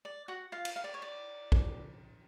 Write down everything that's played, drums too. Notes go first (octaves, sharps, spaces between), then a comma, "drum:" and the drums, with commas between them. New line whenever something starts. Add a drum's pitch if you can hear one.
D5
F#4 F#5
F4 F5
drum: cymbal
F5
D5
C#5
D5
drum: kick